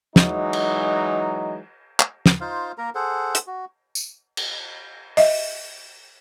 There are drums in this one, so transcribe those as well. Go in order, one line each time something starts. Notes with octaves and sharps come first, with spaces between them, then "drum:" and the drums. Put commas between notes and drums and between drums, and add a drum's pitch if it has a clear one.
E3 F#3 G#3 D#4, drum: snare
drum: cymbal
drum: clap
drum: snare
D#4 F4 C5 F5
A#3 A#4 A#5
G#4 A4 C5 F#5
drum: hi-hat
F#4
drum: tambourine
drum: cymbal
D#5 E5, drum: open hi-hat